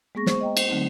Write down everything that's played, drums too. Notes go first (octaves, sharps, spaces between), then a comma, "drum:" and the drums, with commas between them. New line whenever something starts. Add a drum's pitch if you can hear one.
G#3 A#3 B3 G#4 C#6 A#6
C5 C#6, drum: snare
D#5 G5 A#5
C5, drum: cymbal
D3 F#3 A3 C4 D#4